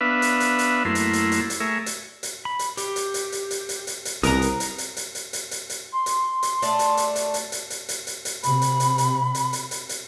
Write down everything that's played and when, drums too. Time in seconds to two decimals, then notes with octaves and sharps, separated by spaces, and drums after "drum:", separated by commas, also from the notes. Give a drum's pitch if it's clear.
0.01 B3 D4 B4 E5 F5
0.22 drum: hi-hat
0.40 drum: hi-hat
0.59 drum: hi-hat
0.85 F#2 A3 A#3 E4 C6
0.95 drum: hi-hat
1.13 drum: hi-hat
1.32 drum: hi-hat
1.50 drum: hi-hat
1.60 A3 G#4 A#4 E5 C#6
1.86 drum: hi-hat
2.23 drum: hi-hat
2.45 B5
2.59 drum: hi-hat
2.77 G4, drum: hi-hat
2.96 drum: hi-hat
3.14 drum: hi-hat
3.32 drum: hi-hat
3.51 drum: hi-hat
3.69 drum: hi-hat
3.87 drum: hi-hat
4.05 drum: hi-hat
4.23 C2 A#4 B4 A#5 D#6, drum: hi-hat
4.42 drum: hi-hat
4.60 drum: hi-hat
4.78 drum: hi-hat
4.97 drum: hi-hat
5.15 drum: hi-hat
5.33 drum: hi-hat
5.51 drum: hi-hat
5.70 drum: hi-hat
5.93 C6
6.06 drum: hi-hat
6.43 drum: hi-hat
6.62 A3 D5, drum: hi-hat
6.79 drum: hi-hat
6.97 drum: hi-hat
7.16 drum: hi-hat
7.34 drum: hi-hat
7.52 drum: hi-hat
7.70 drum: hi-hat
7.89 drum: hi-hat
8.07 drum: hi-hat
8.25 drum: hi-hat
8.43 C3 B5, drum: hi-hat
8.62 drum: hi-hat
8.80 drum: hi-hat
8.98 drum: hi-hat
9.35 drum: hi-hat
9.53 drum: hi-hat
9.71 drum: hi-hat
9.89 drum: hi-hat